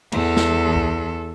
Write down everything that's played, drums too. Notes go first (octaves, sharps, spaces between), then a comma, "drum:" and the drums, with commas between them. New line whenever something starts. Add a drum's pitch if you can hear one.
E2 A4, drum: cymbal
drum: snare
drum: kick C#2